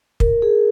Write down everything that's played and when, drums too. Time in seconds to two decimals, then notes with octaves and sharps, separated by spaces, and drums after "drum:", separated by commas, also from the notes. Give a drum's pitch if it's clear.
0.20 A#4, drum: kick
0.42 G#4